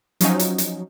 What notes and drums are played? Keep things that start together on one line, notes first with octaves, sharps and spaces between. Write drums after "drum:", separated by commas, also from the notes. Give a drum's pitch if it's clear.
F3 F#3 C#4 D#4, drum: hi-hat
drum: hi-hat
drum: hi-hat